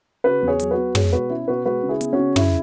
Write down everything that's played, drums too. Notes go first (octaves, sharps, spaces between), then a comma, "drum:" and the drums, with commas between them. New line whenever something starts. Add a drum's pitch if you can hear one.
C#3 F#4 B4
E2
G#4 C#5
F#3, drum: hi-hat
F#4 B4
B3
G#3 G#4 C#5, drum: tom
B2 F#4 B4
C#4 E4
B2 F#4 B4
G#3 F#4 B4
C#3
E4 G#4
B3, drum: hi-hat
C#4 F#4
C#3
C#3 E4, drum: tom